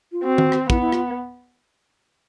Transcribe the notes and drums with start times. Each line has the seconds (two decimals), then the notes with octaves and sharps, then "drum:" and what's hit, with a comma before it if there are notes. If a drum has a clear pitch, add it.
0.12 F4
0.24 C4 F#4
0.38 drum: tom D#3
0.52 drum: rim click
0.70 B3 E4, drum: kick
0.81 E4
0.92 F4, drum: rim click